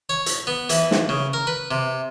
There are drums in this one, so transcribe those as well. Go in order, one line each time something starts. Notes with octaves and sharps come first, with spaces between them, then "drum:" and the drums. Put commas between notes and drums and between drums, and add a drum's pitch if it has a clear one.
C#5
drum: hi-hat
B3
E3, drum: hi-hat
drum: snare
C#3
A#4
B4
C3